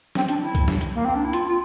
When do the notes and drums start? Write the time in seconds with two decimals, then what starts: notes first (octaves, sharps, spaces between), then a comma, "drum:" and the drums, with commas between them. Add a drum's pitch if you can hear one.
0.15 C4, drum: snare
0.29 D4, drum: hi-hat
0.42 E4
0.55 drum: kick C2, hi-hat
0.68 drum: snare
0.81 drum: hi-hat
0.94 A#3
1.04 C4
1.14 D4
1.24 E4
1.33 F4, drum: hi-hat
1.47 F4